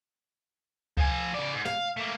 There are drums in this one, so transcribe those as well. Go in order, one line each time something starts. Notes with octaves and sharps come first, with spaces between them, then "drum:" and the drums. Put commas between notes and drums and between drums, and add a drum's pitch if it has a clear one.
F3 G#5, drum: kick C#2
C#3 D5
G#2
F5, drum: snare
A3 A#3